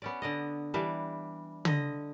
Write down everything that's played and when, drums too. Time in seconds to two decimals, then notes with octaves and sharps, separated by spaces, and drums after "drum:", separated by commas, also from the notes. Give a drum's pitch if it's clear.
0.02 B3 C#4 D5
0.22 D3 D5 D#5
0.74 E3 G3 D4
1.65 D3 D#5, drum: tom